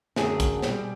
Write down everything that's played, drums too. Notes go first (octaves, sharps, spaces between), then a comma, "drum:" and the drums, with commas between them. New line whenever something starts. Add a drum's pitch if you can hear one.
F#2 D3 F#3 A3 C4 G#4, drum: snare
drum: kick, hi-hat
B2 G3 C4, drum: snare